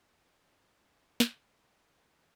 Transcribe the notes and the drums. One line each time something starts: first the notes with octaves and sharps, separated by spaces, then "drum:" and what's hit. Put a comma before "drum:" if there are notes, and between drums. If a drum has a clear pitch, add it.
G3 E5 F#5
C#3 D5 E5
C#3
C#3
C#3, drum: snare
G3
E3 C#5 D#5
E3 C5 D5